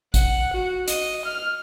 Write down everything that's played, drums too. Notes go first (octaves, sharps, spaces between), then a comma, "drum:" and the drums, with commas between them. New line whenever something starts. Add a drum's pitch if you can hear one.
F#5, drum: kick, hi-hat
F#4
D#5, drum: hi-hat
F6